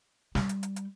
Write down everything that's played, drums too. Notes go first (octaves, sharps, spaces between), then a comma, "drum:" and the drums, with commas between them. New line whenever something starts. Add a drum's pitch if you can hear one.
G3, drum: snare
drum: hi-hat
drum: hi-hat
drum: hi-hat